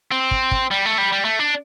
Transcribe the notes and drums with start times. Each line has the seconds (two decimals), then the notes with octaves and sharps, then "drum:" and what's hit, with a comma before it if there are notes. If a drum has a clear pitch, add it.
0.11 C4
0.31 drum: kick
0.51 drum: kick
0.71 G3
0.85 A3
0.98 G3
1.12 G3
1.25 A3
1.39 D4